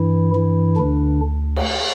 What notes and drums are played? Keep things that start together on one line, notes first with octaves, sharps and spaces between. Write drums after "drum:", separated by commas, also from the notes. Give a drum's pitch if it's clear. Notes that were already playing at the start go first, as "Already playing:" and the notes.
Already playing: G2 E3 E4
E3 E4
D2 D3 D4
drum: cymbal